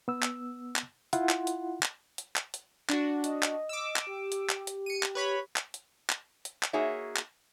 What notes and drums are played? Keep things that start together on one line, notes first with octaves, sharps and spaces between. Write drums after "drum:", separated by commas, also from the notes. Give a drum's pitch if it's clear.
B3 E6
drum: clap
drum: clap
E4 F4 F#5 C6, drum: hi-hat
drum: clap
drum: hi-hat
drum: clap
drum: hi-hat
drum: clap
drum: hi-hat
D4 F#4, drum: clap
D#5, drum: hi-hat
drum: clap
D6 E6
drum: clap
G4
drum: hi-hat
drum: clap
drum: hi-hat
C#7 D#7
drum: clap
B4 C#5 B5
drum: clap
drum: hi-hat
drum: clap
drum: hi-hat
drum: clap
A#3 D#4 F#4 G#4 C#5 E5
drum: clap